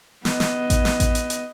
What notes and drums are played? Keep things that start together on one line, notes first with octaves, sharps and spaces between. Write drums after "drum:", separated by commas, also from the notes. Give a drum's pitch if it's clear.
B3 D#5, drum: snare
drum: snare
drum: kick A1, hi-hat
drum: snare
drum: kick A1, hi-hat
drum: hi-hat
drum: hi-hat